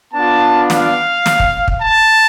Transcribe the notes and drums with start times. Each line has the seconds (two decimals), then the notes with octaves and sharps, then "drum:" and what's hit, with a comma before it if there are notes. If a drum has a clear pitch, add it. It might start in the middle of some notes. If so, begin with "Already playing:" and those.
0.13 B3 D4 F4 A5
0.70 F5, drum: snare
1.26 drum: snare
1.40 drum: kick
1.68 drum: kick
1.82 A5